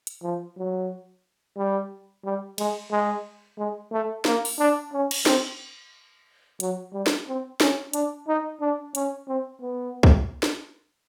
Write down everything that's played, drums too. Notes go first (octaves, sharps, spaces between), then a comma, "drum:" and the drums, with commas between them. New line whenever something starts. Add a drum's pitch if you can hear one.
drum: hi-hat
F3
F#3
G3
G3
G#3, drum: cymbal
G#3
G#3
A3
A#3, drum: snare
drum: open hi-hat
D4
C#4
drum: cymbal
C4, drum: snare
F#3, drum: hi-hat
G3
drum: snare
C4
C#4, drum: snare
D4, drum: hi-hat
D#4
D4
C#4, drum: hi-hat
C4
B3
drum: kick C2
drum: snare